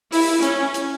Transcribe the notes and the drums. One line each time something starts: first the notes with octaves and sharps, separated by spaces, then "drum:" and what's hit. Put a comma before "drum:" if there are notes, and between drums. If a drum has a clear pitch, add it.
E4, drum: open hi-hat
C#4, drum: hi-hat
drum: hi-hat